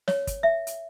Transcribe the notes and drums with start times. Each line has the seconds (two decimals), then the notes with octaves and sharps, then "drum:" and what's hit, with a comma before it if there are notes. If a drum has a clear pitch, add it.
0.08 C#5, drum: snare
0.27 drum: kick, hi-hat
0.43 E5
0.67 drum: hi-hat